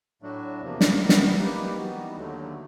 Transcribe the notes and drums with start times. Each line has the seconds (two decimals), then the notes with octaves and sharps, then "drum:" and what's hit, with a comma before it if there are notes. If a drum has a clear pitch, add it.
0.22 A2 F#3 A3 D4 F#4
0.61 E2 C3 F3 A#3
0.81 drum: snare
1.00 D#3 G3 B3 D#4
1.09 drum: snare
1.38 G3 A#3 D#4 G4 B4
1.77 E3 G3 B3 D#4 F#4
2.16 D#2 D3 F#3 A3